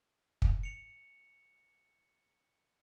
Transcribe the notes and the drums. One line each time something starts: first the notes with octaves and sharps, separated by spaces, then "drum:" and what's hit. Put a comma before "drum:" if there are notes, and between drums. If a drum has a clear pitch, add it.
drum: kick
C#7 F7